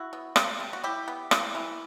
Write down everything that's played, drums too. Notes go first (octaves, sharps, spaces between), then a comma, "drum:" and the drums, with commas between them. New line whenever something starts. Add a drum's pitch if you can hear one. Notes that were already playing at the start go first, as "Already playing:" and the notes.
Already playing: E4 F#4
B3
G3, drum: rim click
G3
F#4
E4 G4
B3
E3, drum: rim click
E3